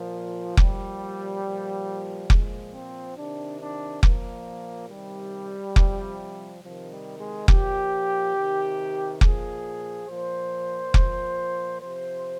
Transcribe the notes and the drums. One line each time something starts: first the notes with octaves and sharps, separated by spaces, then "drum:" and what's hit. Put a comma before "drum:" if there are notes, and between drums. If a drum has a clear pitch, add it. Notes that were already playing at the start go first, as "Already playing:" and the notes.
Already playing: A#2 F3
A#2 F3 G3, drum: kick F1
A#2 F3
A#2 F3 G#3, drum: kick F1
C4
C3 D#3 D4
D4
A#2 F3 A#3, drum: kick F1
C3 D#3 G3
C3 F3, drum: kick F1
C3 D#3 F3
G3
G#3
A#2 F3 G4, drum: kick F1
C3 D#3
A#2 F3 G#4, drum: kick F1
A#2 F3 C5
A#2 F3, drum: kick F1
C3 F3 C5